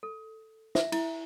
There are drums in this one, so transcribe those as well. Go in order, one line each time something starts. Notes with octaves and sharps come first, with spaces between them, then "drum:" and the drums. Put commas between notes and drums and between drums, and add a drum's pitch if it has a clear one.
A4
E5, drum: snare
E4, drum: cymbal